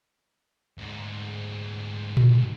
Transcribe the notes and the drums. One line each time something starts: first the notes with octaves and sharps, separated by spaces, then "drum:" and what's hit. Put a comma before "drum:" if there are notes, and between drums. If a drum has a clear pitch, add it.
D2 G#2
drum: tom A#2